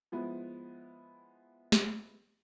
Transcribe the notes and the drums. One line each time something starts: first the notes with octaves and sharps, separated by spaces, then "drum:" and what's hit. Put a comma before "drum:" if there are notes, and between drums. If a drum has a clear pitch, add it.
F3 G#3 B3 E4
drum: snare